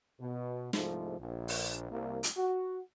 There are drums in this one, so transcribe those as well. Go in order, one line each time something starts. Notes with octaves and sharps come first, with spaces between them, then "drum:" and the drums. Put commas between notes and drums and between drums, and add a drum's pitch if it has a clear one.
B2
C2 G#2 F3 G#3 A3, drum: snare
A#1
drum: open hi-hat
C2 A#3
drum: hi-hat
F#4